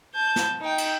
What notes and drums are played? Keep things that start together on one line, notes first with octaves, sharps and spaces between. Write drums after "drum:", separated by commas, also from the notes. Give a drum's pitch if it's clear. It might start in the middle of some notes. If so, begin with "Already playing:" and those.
A5 G6
drum: snare
D#4 G5
drum: cymbal